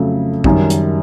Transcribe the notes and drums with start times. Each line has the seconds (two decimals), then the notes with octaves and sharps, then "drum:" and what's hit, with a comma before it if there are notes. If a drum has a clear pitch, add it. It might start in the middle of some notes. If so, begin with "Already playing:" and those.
Already playing: F2 C#3 F#3 A3
0.44 F#2 D#3 G3, drum: kick A#1
0.70 drum: hi-hat